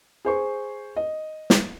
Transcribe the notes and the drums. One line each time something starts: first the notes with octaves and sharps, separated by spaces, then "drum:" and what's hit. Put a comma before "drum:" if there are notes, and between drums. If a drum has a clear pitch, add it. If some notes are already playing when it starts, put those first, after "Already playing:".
G#4 C5 C#6
D#5
drum: snare